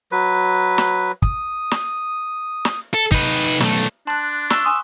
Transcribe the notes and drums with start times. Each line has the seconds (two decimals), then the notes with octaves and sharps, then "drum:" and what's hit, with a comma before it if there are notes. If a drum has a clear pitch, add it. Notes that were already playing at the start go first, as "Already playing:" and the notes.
0.12 F#3 B4
0.78 drum: snare
1.22 D#6, drum: kick
1.71 drum: snare
2.65 drum: snare
2.94 A4
3.12 D#4 B4, drum: kick
3.60 B1 A3, drum: snare
4.07 D4 A5 C6 F#6
4.50 C#6 E6, drum: snare
4.65 G#5 C6 D#6